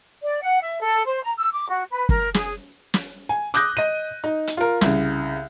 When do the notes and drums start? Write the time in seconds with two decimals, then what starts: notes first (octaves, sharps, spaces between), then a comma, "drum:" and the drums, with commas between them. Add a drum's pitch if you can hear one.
0.23 D5
0.41 F#5
0.61 E5
0.82 A4
1.06 C5
1.23 A#5
1.38 E6
1.54 D6
1.70 F#4
1.91 B4
2.09 A#4, drum: kick
2.34 G#4, drum: snare
2.94 drum: snare
3.29 G#5
3.54 D6 D#6 F#6 G6 A#6, drum: hi-hat
3.77 D#5 D#7
4.24 D#4
4.47 drum: hi-hat
4.57 F4 A#4
4.81 C2 C#3, drum: snare